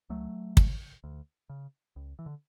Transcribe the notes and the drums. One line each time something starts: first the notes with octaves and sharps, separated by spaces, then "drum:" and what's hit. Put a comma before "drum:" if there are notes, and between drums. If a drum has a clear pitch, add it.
C#2 F#3 A3
C#3, drum: kick
D2
C#3
C#2
E3
D3